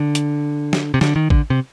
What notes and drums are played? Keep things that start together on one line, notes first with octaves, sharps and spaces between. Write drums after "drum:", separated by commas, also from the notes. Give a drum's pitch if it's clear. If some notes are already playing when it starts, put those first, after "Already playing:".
Already playing: D3
drum: hi-hat
drum: snare
C3
D3, drum: snare
D#3
D3, drum: kick
C3